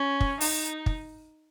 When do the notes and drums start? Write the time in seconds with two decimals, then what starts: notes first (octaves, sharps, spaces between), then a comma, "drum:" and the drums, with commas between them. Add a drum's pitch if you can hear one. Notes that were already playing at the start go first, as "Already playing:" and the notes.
Already playing: C#4
0.20 drum: kick
0.41 D#4, drum: open hi-hat
0.86 drum: kick